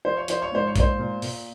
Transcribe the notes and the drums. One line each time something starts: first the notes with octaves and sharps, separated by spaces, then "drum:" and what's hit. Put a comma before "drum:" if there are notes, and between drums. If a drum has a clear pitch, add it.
F3 C5
C#5
F3 C5, drum: hi-hat
C#5
G#2 C5
C#5
A#2 C5, drum: kick A#1, hi-hat
A#2
A#2, drum: open hi-hat